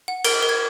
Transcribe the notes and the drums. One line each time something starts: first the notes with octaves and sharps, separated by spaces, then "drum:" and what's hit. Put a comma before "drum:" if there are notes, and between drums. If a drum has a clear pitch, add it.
F#5
A#4 D7, drum: cymbal
A#4
G#6